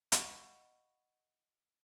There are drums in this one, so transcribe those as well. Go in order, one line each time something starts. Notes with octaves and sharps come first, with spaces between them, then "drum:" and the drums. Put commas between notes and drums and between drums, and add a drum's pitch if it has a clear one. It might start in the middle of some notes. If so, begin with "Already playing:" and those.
D#5 F5 F#5 B5 C#6, drum: hi-hat